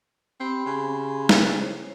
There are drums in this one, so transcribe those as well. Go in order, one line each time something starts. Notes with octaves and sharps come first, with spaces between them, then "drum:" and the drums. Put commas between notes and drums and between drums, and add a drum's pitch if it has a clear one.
C4 G4 B5 C6
C#3
drum: snare
E4 C5 C#5